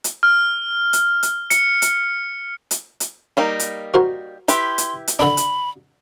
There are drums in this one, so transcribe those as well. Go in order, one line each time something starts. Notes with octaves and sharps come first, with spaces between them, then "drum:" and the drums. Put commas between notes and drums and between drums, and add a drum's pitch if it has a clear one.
drum: hi-hat
F6
drum: hi-hat
drum: hi-hat
C#7, drum: hi-hat
drum: hi-hat
drum: hi-hat
drum: hi-hat
G3 A#3 D#4
drum: hi-hat
F#4 A#4 C5
E4 G4 B4 C6, drum: hi-hat
drum: hi-hat
drum: hi-hat
D3 D4 B5
drum: hi-hat